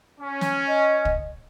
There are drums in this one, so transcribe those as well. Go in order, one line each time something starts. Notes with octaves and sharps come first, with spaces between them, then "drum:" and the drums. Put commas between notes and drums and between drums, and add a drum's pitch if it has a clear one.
C#4
drum: snare
D#5
drum: kick